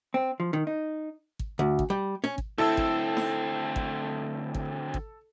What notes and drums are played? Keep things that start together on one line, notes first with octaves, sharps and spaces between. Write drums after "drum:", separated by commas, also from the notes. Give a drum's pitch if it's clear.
C4
F3
D#3
D#4
drum: kick
D2
drum: kick
G3
C#4
drum: kick
D2 C4 E4 A4 A5 E6
drum: kick
drum: snare D#4
drum: kick
drum: kick
drum: kick